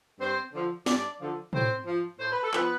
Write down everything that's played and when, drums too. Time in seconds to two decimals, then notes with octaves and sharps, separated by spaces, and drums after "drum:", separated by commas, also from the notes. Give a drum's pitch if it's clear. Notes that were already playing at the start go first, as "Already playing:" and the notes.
0.19 G2 C4 C5
0.53 D3 F3
0.86 G2 D4 D5, drum: snare
1.21 D3 F3
1.53 A2 C4 C5, drum: tom
1.86 F3
2.20 A2 C5
2.32 B4
2.43 A4
2.53 F3 B3 B4, drum: clap